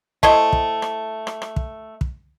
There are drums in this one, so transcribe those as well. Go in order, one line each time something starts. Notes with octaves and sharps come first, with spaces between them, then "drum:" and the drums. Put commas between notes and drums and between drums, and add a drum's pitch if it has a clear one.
A3 E4 C5 D#5, drum: kick
drum: kick
drum: rim click
drum: rim click
drum: rim click
drum: kick
drum: kick